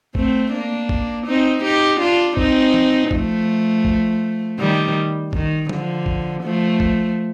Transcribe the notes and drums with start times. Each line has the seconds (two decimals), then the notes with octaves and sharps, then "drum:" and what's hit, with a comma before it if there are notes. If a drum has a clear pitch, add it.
0.15 A3 C4, drum: kick
0.52 A#3 D4
0.89 drum: kick
1.26 C4 D#4
1.63 D#4 G4
2.00 D4 F4
2.37 C4 D#4, drum: kick
2.74 drum: tom D#3
3.11 F3 A3, drum: kick
3.85 drum: kick
4.59 D#3 G3
5.33 D#3, drum: kick
5.69 D3 F3, drum: tom F#3
6.06 drum: kick
6.43 F3 A3
6.80 drum: kick